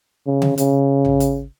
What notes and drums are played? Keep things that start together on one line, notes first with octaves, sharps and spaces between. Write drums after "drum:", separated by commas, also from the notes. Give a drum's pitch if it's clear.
C#3
drum: tom C#3
C#3, drum: hi-hat
drum: tom A1
drum: hi-hat